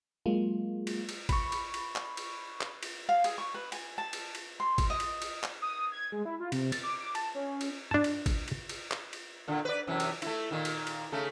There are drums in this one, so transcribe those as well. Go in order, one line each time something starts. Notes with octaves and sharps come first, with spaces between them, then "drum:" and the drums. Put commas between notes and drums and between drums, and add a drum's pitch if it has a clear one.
F#3 G#3 A#3 F4
drum: cymbal
drum: cymbal
B5 C#6, drum: kick G#1, cymbal
drum: cymbal
drum: cymbal
drum: clap
drum: cymbal
drum: clap
drum: cymbal
F5
G#4, drum: cymbal
C#6
B4
G#5, drum: cymbal
A5
drum: cymbal
drum: cymbal
C6
drum: kick G#1, cymbal
D#5
drum: cymbal
drum: cymbal
drum: clap
D#6
G#6
G#3
E4
F4
C3, drum: cymbal
A6, drum: cymbal
D6
D6
A5, drum: cymbal
C#4
drum: cymbal
D4 A5
drum: cymbal
drum: kick G#1, cymbal
drum: cymbal
drum: cymbal
drum: clap
drum: cymbal
A#2 D3
B4 D5
F#2 C3 E3
drum: cymbal
A3 E4, drum: cymbal
A#2 D#3
drum: cymbal
drum: cymbal
C#3 A3